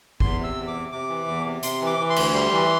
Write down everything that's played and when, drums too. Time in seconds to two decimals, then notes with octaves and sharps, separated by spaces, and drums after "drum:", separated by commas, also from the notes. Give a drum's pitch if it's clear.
0.20 E2 C6, drum: kick
0.38 C3
0.44 E6
0.56 E2
0.68 D6
0.74 C3
0.92 C3 D6
1.09 E3
1.28 E2
1.45 C3
1.63 C3 C6, drum: hi-hat
1.81 E3
1.86 D6
1.99 E3
2.10 C6
2.16 D2, drum: cymbal
2.34 G3 C6
2.52 E3